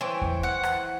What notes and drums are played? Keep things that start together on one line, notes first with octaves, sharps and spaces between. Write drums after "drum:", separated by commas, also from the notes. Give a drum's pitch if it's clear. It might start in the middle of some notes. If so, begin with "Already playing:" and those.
E3 C5 C#5 G5
drum: kick E2
F#5
drum: rim click